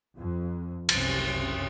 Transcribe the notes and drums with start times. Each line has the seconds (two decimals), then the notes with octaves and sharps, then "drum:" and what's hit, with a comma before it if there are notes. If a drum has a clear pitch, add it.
0.18 F2
0.89 F#1 C2 F#2 C3 C4 C#4, drum: cymbal